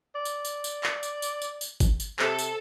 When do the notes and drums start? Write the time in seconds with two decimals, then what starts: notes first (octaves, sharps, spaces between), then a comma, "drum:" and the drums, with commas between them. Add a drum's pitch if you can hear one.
0.16 D5
0.25 drum: tambourine
0.45 drum: tambourine
0.64 drum: tambourine
0.83 drum: clap
1.03 drum: tambourine
1.22 drum: tambourine
1.42 drum: tambourine
1.61 drum: tambourine
1.80 drum: kick G1, tambourine
2.00 drum: tambourine
2.19 C3 A4, drum: clap
2.39 drum: tambourine